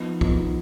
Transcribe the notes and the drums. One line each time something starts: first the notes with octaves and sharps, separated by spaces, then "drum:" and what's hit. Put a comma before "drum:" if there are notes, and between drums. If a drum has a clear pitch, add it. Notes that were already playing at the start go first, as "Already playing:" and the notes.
Already playing: F3 B3 D#4
F3 B3 D#4, drum: kick